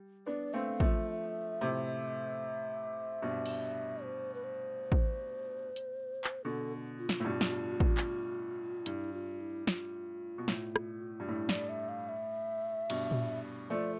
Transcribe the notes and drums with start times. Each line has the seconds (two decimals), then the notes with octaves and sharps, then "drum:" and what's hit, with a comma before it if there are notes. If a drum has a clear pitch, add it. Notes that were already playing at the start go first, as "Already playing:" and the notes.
Already playing: G3
0.26 B3 D4 D5
0.54 A3 C4 F5
0.80 F3 A3 E5, drum: kick
1.61 A2 C3
3.22 G2 B2
3.46 drum: open hi-hat
4.03 C5
4.34 B4
4.44 C5
4.92 drum: kick
5.76 drum: hi-hat
6.24 drum: clap
6.44 B2 D3 A4
6.99 F4
7.09 drum: snare
7.20 A2
7.25 G2 B2
7.41 drum: snare
7.80 drum: kick
7.97 drum: clap
8.86 G2 E4, drum: hi-hat
9.14 F4
9.41 E4
9.67 F4, drum: snare
10.38 B2
10.48 A2, drum: snare
10.76 drum: rim click
11.20 G2
11.28 A2 E4
11.49 D5, drum: snare
11.69 E5
11.89 F5
12.09 E5
12.90 G2 B2, drum: cymbal
13.11 drum: tom A#2
13.70 F3 A3 D5